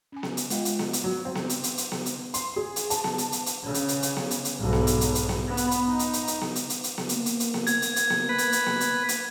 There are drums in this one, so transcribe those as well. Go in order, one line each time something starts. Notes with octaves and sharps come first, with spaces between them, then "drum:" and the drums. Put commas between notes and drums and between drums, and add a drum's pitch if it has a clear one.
C#4 G#5
drum: snare B3
drum: hi-hat
G#3 F4 D#5 F5 G5, drum: hi-hat
drum: hi-hat
drum: snare B3
drum: hi-hat
F#3
C4
drum: snare B3
drum: hi-hat
drum: hi-hat
drum: hi-hat
drum: snare B3
drum: hi-hat
C6, drum: hi-hat
G#4
drum: hi-hat
A5, drum: hi-hat
drum: snare B3
drum: hi-hat
drum: hi-hat
drum: hi-hat
C#3
drum: hi-hat
drum: hi-hat
drum: hi-hat
drum: snare B3
drum: hi-hat
drum: hi-hat
B1 G#2
drum: snare B3
drum: hi-hat
drum: hi-hat
drum: hi-hat
drum: snare B3
B3
drum: hi-hat
drum: hi-hat
D#4
drum: hi-hat
drum: hi-hat
drum: hi-hat
drum: snare B3
drum: hi-hat
drum: hi-hat
drum: hi-hat
drum: snare B3
A#3, drum: hi-hat
drum: hi-hat
drum: hi-hat
drum: snare B3
G#6, drum: hi-hat
drum: hi-hat
drum: hi-hat
drum: snare B3
B4
drum: hi-hat
drum: hi-hat
drum: snare B3
drum: hi-hat
drum: hi-hat